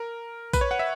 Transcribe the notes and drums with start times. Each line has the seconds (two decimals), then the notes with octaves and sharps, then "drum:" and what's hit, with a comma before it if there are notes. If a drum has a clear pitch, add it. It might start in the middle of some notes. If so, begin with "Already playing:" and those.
Already playing: A#4
0.53 B4, drum: kick A#1, tambourine
0.61 C#5
0.71 F#5
0.79 E5